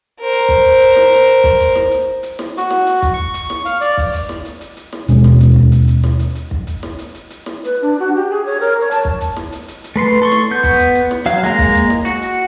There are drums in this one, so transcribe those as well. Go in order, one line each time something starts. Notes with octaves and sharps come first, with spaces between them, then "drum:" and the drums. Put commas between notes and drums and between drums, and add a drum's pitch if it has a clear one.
A#4 C5
drum: hi-hat
drum: kick
drum: hi-hat
drum: hi-hat
drum: snare
drum: hi-hat
drum: hi-hat
drum: kick, open hi-hat
drum: hi-hat
drum: snare
drum: hi-hat
drum: hi-hat
drum: snare
F#4, drum: hi-hat
drum: snare
drum: hi-hat
drum: kick, hi-hat
C#6
drum: hi-hat
drum: snare
F5, drum: hi-hat
D5, drum: hi-hat
drum: kick, open hi-hat
drum: hi-hat
drum: snare
drum: hi-hat
drum: hi-hat
drum: hi-hat
drum: snare
D#2 B2 G#3 C#4, drum: hi-hat
drum: snare
drum: hi-hat
drum: kick
drum: hi-hat
drum: hi-hat
drum: snare
drum: hi-hat
drum: hi-hat
drum: kick
drum: hi-hat
drum: snare
drum: hi-hat
drum: hi-hat
drum: hi-hat
drum: snare
B4, drum: hi-hat
D4
F#4
G4
G#4
C#5
A#4
C#5
A5, drum: hi-hat
drum: kick
drum: hi-hat
drum: snare
drum: hi-hat
drum: hi-hat
drum: hi-hat
A3 B4 C6
A4 C6 C#6
drum: snare
B3 G6
drum: kick, hi-hat
drum: hi-hat
drum: hi-hat
drum: snare
F#3 F5, drum: hi-hat
G#3 A#3 A#5, drum: hi-hat
drum: kick, open hi-hat
drum: hi-hat
drum: snare
F#4, drum: hi-hat
drum: hi-hat